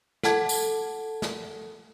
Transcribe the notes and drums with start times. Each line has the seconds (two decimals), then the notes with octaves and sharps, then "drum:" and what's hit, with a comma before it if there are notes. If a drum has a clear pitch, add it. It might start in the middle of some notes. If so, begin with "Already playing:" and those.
0.23 A4 F#5 A5 G#6, drum: snare
0.49 drum: tambourine
1.22 drum: snare